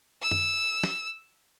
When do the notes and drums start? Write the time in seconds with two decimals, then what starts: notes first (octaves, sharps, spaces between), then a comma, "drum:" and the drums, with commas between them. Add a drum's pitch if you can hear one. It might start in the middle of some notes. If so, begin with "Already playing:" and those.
0.22 E6
0.31 drum: tom F#2
0.83 drum: snare